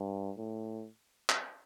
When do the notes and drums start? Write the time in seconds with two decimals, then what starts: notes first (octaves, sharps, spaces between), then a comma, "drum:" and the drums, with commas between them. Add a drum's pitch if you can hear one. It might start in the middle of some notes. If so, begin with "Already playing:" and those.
Already playing: G2
0.37 A2
1.29 drum: clap